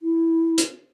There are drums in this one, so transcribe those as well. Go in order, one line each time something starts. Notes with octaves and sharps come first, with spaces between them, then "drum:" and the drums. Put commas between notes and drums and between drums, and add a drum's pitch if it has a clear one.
E4
drum: hi-hat